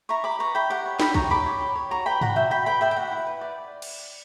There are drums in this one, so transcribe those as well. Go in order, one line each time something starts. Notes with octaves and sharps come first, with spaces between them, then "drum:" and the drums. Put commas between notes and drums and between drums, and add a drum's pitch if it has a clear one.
E4 A#5 C#6
G4 B5 D6
B4 A#5 C#6
E4 G5 B5
G4 F#5
C#5
G4 G5 B5, drum: snare
C#5 A#5 C#6, drum: kick
G4 B5 D6
C#5
G4
C#5
F#4 A#5 C#6
B4 G5 B5
D5 F#5 A#5, drum: tom G#2
F#4 E5 G5
F#4 G5 B5
B4 G5 B5
D5 E5 G5
G5
F#4 F#5
E4
B4
D5
drum: cymbal